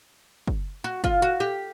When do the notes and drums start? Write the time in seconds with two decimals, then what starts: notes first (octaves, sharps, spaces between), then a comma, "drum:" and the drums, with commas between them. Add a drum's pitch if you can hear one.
0.47 drum: kick
0.84 F#4
1.04 F4, drum: kick
1.22 F#4
1.40 G4